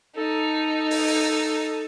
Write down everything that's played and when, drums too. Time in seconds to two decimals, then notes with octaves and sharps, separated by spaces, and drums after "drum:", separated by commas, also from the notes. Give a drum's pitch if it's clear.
0.17 D#4 A4
0.91 drum: open hi-hat
1.07 drum: open hi-hat